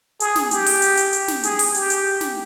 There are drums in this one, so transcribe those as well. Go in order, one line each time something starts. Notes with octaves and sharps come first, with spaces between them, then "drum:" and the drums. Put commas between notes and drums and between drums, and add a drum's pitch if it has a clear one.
G#4, drum: hi-hat
drum: snare
G4, drum: hi-hat
drum: open hi-hat
drum: hi-hat
drum: hi-hat
drum: hi-hat
drum: snare
G#4, drum: hi-hat
drum: open hi-hat
G4, drum: hi-hat
drum: hi-hat
drum: snare